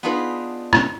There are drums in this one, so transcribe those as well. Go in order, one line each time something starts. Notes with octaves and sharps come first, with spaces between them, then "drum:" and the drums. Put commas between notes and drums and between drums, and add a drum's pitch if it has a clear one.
B3 D4 D#4 F4 G#4 B4
drum: rim click